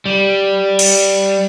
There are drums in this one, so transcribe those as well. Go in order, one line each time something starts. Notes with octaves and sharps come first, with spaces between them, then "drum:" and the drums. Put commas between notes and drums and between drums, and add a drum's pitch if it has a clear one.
G3
drum: cymbal